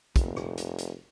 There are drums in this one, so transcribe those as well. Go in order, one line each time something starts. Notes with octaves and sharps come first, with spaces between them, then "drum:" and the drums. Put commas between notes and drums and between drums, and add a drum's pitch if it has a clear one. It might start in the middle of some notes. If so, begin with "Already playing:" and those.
F1, drum: kick, hi-hat
drum: rim click
drum: hi-hat
drum: hi-hat